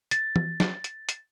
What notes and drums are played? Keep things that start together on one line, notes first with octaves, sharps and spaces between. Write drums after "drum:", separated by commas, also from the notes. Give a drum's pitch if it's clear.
A6, drum: hi-hat
drum: tom
drum: snare
drum: hi-hat
drum: hi-hat